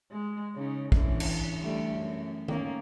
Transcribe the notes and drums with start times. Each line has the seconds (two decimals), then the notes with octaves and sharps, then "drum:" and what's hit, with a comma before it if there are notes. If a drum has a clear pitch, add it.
0.11 G#3
0.55 C#3 C#4 D#4
0.92 D3 E3 C#4, drum: kick
1.20 drum: cymbal
1.61 D3 G3 A3
1.94 F#2
2.48 D#3 A#3 C#4, drum: tom